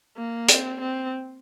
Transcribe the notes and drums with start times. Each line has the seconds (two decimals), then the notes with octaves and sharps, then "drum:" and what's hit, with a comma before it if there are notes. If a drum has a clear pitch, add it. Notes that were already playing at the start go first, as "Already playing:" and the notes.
0.16 A#3
0.48 C4, drum: hi-hat
0.81 C4